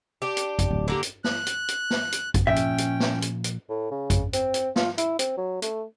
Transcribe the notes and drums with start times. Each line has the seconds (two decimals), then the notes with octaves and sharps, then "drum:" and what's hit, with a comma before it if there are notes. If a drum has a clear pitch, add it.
0.22 D4 G4
0.37 drum: hi-hat
0.59 drum: kick, hi-hat
0.71 D1
0.88 D3 A#3 G4
1.03 drum: hi-hat
1.24 F#6, drum: snare
1.46 drum: hi-hat
1.68 drum: hi-hat
1.90 drum: snare
2.12 drum: hi-hat
2.34 drum: kick, hi-hat
2.47 A#2 F3 C#4 E5 G5
2.56 drum: hi-hat
2.78 drum: hi-hat
3.00 drum: snare
3.22 drum: hi-hat
3.44 drum: hi-hat
3.70 A2
3.91 C#3
4.10 drum: kick, hi-hat
4.33 C4, drum: hi-hat
4.54 drum: hi-hat
4.76 F4, drum: snare
4.98 E4, drum: hi-hat
5.19 C4, drum: hi-hat
5.37 F#3
5.62 A3, drum: hi-hat